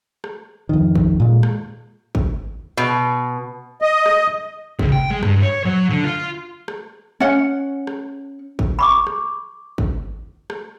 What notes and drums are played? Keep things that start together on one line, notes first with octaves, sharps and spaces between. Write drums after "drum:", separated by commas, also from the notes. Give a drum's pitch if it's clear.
drum: rim click
F2 D#3
drum: kick
A#2 G#3
drum: rim click
drum: kick
B2
D#5
drum: rim click
C#2, drum: kick
G5
G#3
G2, drum: rim click
C#5
F#3
D3
F4
drum: rim click
C#4 F#5
drum: rim click
drum: kick
B5 C#6 D6
drum: rim click
drum: kick
drum: rim click